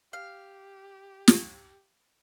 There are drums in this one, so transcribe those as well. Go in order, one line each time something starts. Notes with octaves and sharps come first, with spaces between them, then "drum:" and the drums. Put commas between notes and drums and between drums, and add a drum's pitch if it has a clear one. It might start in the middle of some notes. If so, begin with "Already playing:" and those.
G4 F5
drum: snare